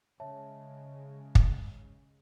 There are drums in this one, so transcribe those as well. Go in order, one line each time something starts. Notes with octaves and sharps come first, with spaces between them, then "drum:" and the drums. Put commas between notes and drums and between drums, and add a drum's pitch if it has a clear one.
C#3 G#3 C#5 E5 A5
drum: kick